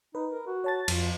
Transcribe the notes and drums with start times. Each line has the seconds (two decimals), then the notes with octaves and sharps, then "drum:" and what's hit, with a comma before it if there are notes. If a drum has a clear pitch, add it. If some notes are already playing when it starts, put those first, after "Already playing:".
0.15 D#4 B4
0.31 A#4
0.47 F#4
0.64 C#5 A5 A6
0.88 F2 F4, drum: cymbal